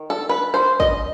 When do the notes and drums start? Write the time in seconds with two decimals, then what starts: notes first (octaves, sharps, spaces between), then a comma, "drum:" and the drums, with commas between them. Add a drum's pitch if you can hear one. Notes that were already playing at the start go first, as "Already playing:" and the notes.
Already playing: D#3
0.10 A4
0.29 B4
0.54 C5
0.80 D#5, drum: kick